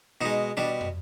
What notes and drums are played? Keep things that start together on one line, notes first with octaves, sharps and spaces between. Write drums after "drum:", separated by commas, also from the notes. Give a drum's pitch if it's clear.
B2 G#3 D#4
B2 G3 D4
drum: tom